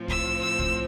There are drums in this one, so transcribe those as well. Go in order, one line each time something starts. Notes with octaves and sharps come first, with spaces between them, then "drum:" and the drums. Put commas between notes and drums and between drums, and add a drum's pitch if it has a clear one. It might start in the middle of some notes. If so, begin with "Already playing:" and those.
Already playing: A2 F3 C4
E6, drum: kick
E6
drum: kick